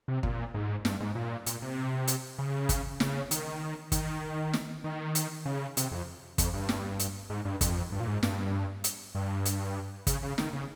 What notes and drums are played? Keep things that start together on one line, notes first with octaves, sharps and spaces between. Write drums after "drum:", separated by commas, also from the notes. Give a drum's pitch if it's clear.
C3
A#2, drum: kick
G#2
G2, drum: snare
G#2
A#2
A#2, drum: hi-hat
C3
drum: hi-hat
C#3
drum: kick, hi-hat
C#3, drum: snare
D#3, drum: hi-hat
D#3, drum: kick, hi-hat
drum: snare
D#3
drum: hi-hat
C#3
C3, drum: hi-hat
F2
F2, drum: kick, hi-hat
G2
drum: snare
drum: hi-hat
G#2
G2
F2, drum: kick, hi-hat
G2
A#2
G#2
G2, drum: snare
drum: hi-hat
G2
drum: hi-hat
C#3, drum: kick, hi-hat
C#3
D#3, drum: snare
C#3